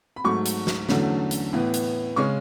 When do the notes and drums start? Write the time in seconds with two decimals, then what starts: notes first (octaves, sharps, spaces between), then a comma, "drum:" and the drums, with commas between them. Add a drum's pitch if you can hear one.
0.16 B5
0.24 G#2 F#3 A3 C#6
0.46 drum: hi-hat
0.67 drum: snare
0.89 E2 D3 F#3 A3 C#4, drum: snare
1.31 drum: hi-hat
1.53 A2 E3 B3
1.74 drum: hi-hat
2.16 C#3 G#3 C#4 C#6